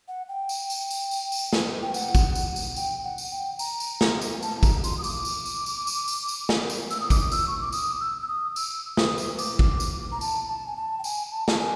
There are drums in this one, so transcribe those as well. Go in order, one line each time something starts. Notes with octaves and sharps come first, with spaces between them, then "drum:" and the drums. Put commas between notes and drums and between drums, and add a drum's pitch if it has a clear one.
F#5
G5
drum: tambourine
drum: tambourine
drum: tambourine
drum: tambourine
drum: tambourine
drum: snare
G5
F#5, drum: tambourine
drum: kick, tambourine
drum: tambourine
drum: tambourine
G5, drum: tambourine
F#5
drum: tambourine
G5
A#5, drum: tambourine
drum: tambourine
drum: snare
drum: tambourine
A5, drum: tambourine
A#5, drum: kick, tambourine
C6, drum: tambourine
D#6
D6, drum: tambourine
drum: tambourine
drum: tambourine
drum: tambourine
drum: tambourine
drum: tambourine
drum: tambourine
drum: snare
drum: tambourine
E6, drum: tambourine
D#6
D6, drum: kick, tambourine
D#6
E6, drum: tambourine
C#6
D6
D#6, drum: tambourine
E6
E6
D#6
E6, drum: tambourine
D#6, drum: snare
drum: tambourine
D6, drum: tambourine
drum: kick
drum: tambourine
A#5
A5, drum: tambourine
A5
G#5
A5
G5
G#5, drum: tambourine
A5
A5, drum: snare
G#5